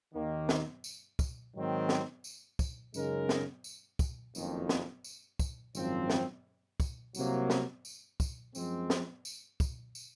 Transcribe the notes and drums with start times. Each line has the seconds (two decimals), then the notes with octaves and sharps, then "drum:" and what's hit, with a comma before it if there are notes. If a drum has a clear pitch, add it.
0.14 D#2 D#3 A#3
0.49 drum: snare
0.84 drum: tambourine
1.19 drum: kick, tambourine
1.54 G#2 D#3 F#3 C4
1.89 drum: snare
2.24 drum: tambourine
2.59 drum: kick, tambourine
2.94 F#2 C#3 G#3 D#4 A#4, drum: tambourine
3.29 drum: snare
3.64 drum: tambourine
3.99 drum: kick, tambourine
4.35 F#1 F2 D#3, drum: tambourine
4.69 drum: snare
5.04 drum: tambourine
5.39 drum: kick, tambourine
5.75 G#1 F#2 F3 C4, drum: tambourine
6.10 drum: snare
6.80 drum: kick, tambourine
7.15 C2 C3 F#3 A#3, drum: tambourine
7.50 drum: snare
7.85 drum: tambourine
8.20 drum: kick, tambourine
8.55 F#2 F3 G#3 C4, drum: tambourine
8.90 drum: snare
9.25 drum: tambourine
9.60 drum: kick, tambourine
9.95 drum: tambourine